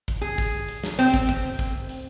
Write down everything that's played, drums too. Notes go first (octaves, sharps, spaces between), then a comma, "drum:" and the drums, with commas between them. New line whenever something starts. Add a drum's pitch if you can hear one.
drum: kick, hi-hat
G#4
drum: kick, hi-hat
drum: hi-hat
drum: snare
C4, drum: hi-hat
drum: kick
drum: kick, hi-hat
drum: kick, hi-hat
drum: hi-hat